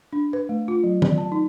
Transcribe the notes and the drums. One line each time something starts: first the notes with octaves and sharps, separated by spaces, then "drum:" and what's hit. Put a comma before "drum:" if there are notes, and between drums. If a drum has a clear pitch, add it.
D4
B4
A3
F4
F#3
D5, drum: tom
A5
D#4